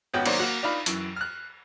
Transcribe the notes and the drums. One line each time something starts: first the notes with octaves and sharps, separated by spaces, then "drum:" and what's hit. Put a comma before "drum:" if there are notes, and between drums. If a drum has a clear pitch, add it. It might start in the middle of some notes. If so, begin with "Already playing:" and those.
G#1 B3 C#4 F#4 G5
D#3 F#3 A#3 D4 C5 C#5, drum: cymbal
A#3 F#4
D4 D#4 F4 B4
F#2 E3, drum: hi-hat
F6 F#6